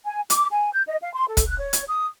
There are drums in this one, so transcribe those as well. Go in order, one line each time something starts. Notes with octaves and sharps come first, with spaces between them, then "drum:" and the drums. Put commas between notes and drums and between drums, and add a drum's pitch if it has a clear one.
G#5
D6, drum: hi-hat
G#5
G6
D#5
F5
C6
A4
drum: kick, hi-hat
F#6
C#5
drum: hi-hat
D#6